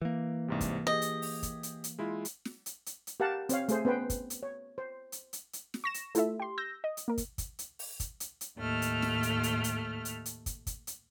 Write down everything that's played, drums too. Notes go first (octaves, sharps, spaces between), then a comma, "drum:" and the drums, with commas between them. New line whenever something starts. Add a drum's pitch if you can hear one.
E3 A#3
C2 G#2 C3
drum: kick, hi-hat
G4 G#4 D#5
drum: hi-hat
drum: open hi-hat
drum: kick, hi-hat
drum: hi-hat
drum: hi-hat
G#3 E4 F4
drum: hi-hat
drum: snare
drum: hi-hat
drum: hi-hat
drum: hi-hat
G4 A#4 F5 F#5 A5
C4 C5 C#5 F5, drum: hi-hat
A3 G#4 C5, drum: hi-hat
B3 C#4 B4 C5 G5
drum: kick, hi-hat
drum: hi-hat
C#5
C5
drum: hi-hat
drum: hi-hat
drum: hi-hat
drum: snare
C#6 A#6 E7
drum: hi-hat
A3 E4 F4 A4 E5, drum: hi-hat
G4 C6
E6 G6 A#6
D#5
drum: hi-hat
A#3 A#4
drum: kick, hi-hat
drum: kick, hi-hat
drum: hi-hat
drum: open hi-hat
drum: kick, hi-hat
drum: hi-hat
drum: hi-hat
D#2 A2 A3 F6
drum: hi-hat
drum: snare
drum: hi-hat
drum: hi-hat
drum: hi-hat
drum: hi-hat
drum: hi-hat
drum: kick, hi-hat
drum: kick, hi-hat
drum: hi-hat